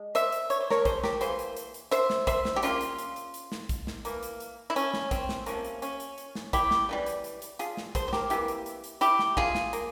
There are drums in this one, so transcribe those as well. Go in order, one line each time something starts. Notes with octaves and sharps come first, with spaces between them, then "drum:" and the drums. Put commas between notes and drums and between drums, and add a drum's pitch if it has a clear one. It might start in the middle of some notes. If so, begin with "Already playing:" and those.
Already playing: G#3
C5 E5, drum: hi-hat
drum: hi-hat
C#5, drum: hi-hat
C5
A#4 C#5, drum: snare
G#4 C5, drum: kick, hi-hat
G4 A#4, drum: snare
E3 A#3 G#4 C5, drum: hi-hat
drum: hi-hat
drum: hi-hat
drum: hi-hat
C5 E5, drum: hi-hat
drum: snare
C5 E5, drum: kick, hi-hat
drum: snare
G4
C#3 G3 A#3 C#4 F4, drum: hi-hat
drum: hi-hat
drum: hi-hat
drum: hi-hat
drum: hi-hat
drum: snare
drum: kick, hi-hat
drum: snare
E3 A#3, drum: hi-hat
drum: hi-hat
drum: hi-hat
E4
C#4, drum: hi-hat
drum: snare
C4, drum: kick, hi-hat
drum: snare
C3 F3 A#3 C#4, drum: hi-hat
drum: hi-hat
C#4, drum: hi-hat
drum: hi-hat
drum: hi-hat
drum: snare
E4 G4, drum: kick, hi-hat
drum: snare
C#3 E3 G3
drum: hi-hat
drum: hi-hat
drum: hi-hat
F4 G#4, drum: hi-hat
drum: snare
G#4 C5, drum: kick, hi-hat
C5
G4 A#4, drum: snare
C3 E3 A#3 E4 G4, drum: hi-hat
drum: hi-hat
drum: hi-hat
drum: hi-hat
E4 G4, drum: hi-hat
drum: snare
F4 G#4, drum: kick
drum: snare
A#3, drum: hi-hat